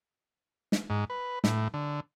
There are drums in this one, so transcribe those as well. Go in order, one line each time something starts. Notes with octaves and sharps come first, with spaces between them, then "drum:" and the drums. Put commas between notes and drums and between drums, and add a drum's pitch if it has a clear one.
drum: snare
G#2
B4
A2, drum: snare
D3